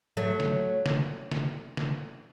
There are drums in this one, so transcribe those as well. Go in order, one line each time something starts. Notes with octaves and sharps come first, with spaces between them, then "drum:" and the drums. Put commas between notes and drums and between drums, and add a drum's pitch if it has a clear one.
F#3 A3
drum: snare
drum: snare
drum: snare
drum: snare